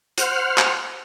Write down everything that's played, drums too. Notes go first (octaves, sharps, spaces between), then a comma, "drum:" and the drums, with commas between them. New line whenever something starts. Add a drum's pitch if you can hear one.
C5 F#5 F6, drum: hi-hat
drum: clap